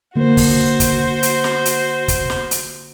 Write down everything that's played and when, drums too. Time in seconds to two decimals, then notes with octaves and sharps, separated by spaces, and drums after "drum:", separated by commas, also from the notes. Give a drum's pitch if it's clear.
0.16 D3 A#3 F#4 C5
0.37 drum: kick, open hi-hat
0.80 drum: kick, hi-hat
1.23 drum: hi-hat
1.44 drum: snare
1.65 drum: hi-hat
2.08 drum: kick, hi-hat
2.30 drum: snare
2.51 drum: hi-hat